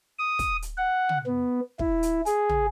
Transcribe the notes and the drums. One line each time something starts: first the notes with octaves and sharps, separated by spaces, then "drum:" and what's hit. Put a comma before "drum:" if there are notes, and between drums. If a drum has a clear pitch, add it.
D#6
drum: kick, hi-hat
drum: hi-hat
F#5
drum: tom
B3
E4, drum: kick
drum: hi-hat
G#4, drum: hi-hat
drum: tom